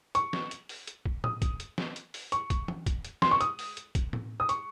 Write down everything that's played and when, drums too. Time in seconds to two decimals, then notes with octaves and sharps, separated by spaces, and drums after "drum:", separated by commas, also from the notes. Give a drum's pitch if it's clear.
0.15 C#6, drum: hi-hat
0.33 drum: snare
0.51 drum: hi-hat
0.69 drum: open hi-hat
0.87 drum: hi-hat
1.06 drum: kick
1.24 D#6, drum: tom A2
1.42 drum: kick, hi-hat
1.60 drum: hi-hat
1.78 drum: snare
1.96 drum: hi-hat
2.14 drum: open hi-hat
2.32 C#6, drum: hi-hat
2.50 drum: kick, hi-hat
2.68 drum: tom E3
2.86 drum: kick, hi-hat
3.05 drum: hi-hat
3.22 C6, drum: snare
3.31 C#6
3.40 D#6, drum: hi-hat
3.59 drum: open hi-hat
3.77 drum: hi-hat
3.95 drum: kick, hi-hat
4.13 drum: tom A2
4.40 D#6
4.49 C#6, drum: hi-hat